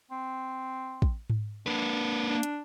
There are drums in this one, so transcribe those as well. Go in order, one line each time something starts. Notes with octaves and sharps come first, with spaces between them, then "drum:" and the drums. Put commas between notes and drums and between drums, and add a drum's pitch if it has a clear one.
C4
drum: kick
drum: tom G#2
A#3 D4 B4
D4
drum: hi-hat